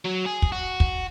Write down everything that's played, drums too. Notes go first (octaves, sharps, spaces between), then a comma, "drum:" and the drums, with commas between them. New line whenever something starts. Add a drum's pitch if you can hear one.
F#3
G#4
drum: kick
F#4
drum: kick